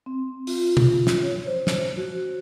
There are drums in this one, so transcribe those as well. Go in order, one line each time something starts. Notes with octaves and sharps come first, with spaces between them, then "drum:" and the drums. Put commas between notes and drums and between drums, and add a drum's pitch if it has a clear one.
C4
F4, drum: open hi-hat
drum: tom
drum: snare
C#5
C5
drum: snare
F#4